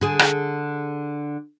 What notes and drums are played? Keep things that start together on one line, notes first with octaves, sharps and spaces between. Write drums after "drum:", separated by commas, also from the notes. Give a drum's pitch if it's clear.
D3 G#4
drum: rim click